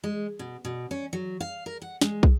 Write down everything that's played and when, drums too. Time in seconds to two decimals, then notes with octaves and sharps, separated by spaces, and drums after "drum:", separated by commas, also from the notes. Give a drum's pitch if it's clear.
0.04 G#3
0.39 B2
0.65 B2
0.91 C#4
1.13 F#3
1.40 F5
1.66 A#4
1.82 F#5
2.01 G#3, drum: snare
2.23 drum: kick